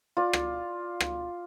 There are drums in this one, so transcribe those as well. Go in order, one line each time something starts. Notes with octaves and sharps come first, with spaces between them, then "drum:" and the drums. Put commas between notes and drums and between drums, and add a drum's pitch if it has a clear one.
F4 D5
drum: rim click
drum: rim click